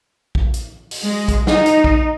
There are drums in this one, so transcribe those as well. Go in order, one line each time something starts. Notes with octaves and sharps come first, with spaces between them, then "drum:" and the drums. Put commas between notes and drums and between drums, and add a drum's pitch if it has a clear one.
drum: kick A#1
drum: hi-hat
drum: open hi-hat
G#3
drum: kick A#1, hi-hat
D#4, drum: snare
drum: hi-hat
drum: kick A#1